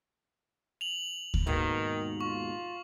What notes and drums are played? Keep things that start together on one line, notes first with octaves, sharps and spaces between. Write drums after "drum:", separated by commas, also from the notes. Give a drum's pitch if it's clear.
F7 F#7
drum: kick D2
D#2 G#2 B2 D#3
F4 C#6